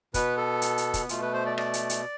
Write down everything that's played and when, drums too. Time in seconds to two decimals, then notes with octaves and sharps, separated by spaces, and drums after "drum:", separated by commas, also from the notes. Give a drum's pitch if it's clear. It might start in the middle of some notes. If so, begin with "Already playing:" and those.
0.14 B2 B3 B4, drum: kick, hi-hat
0.37 A4
0.62 drum: hi-hat
0.78 drum: hi-hat
0.94 drum: kick, hi-hat
1.09 B2 A3 F4, drum: hi-hat
1.22 B4
1.33 C5
1.46 D5
1.58 D5, drum: rim click
1.74 drum: hi-hat
1.89 drum: hi-hat